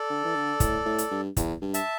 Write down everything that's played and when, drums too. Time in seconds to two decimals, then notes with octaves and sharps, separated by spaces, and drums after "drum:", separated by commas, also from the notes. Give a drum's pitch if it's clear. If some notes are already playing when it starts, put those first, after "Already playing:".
Already playing: A4 D5
0.10 D3
0.25 E3
0.36 D3
0.60 A2, drum: kick, hi-hat
0.85 A2
0.98 drum: hi-hat
1.11 G2
1.37 E2, drum: kick, hi-hat
1.62 G2
1.74 E5 A5, drum: hi-hat